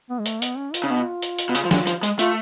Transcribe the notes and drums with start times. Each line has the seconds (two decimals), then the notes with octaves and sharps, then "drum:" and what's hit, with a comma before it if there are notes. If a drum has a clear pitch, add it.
0.10 B3
0.19 G#3
0.26 A3, drum: hi-hat
0.42 B3, drum: hi-hat
0.57 C#4
0.74 F4, drum: hi-hat
0.84 C#3
0.87 B2 D4
1.01 F4
1.22 drum: hi-hat
1.39 drum: hi-hat
1.49 B2
1.55 C#3, drum: hi-hat
1.65 F3
1.71 D3, drum: snare
1.87 F3, drum: hi-hat
2.03 G#3, drum: hi-hat
2.19 A3 F4, drum: hi-hat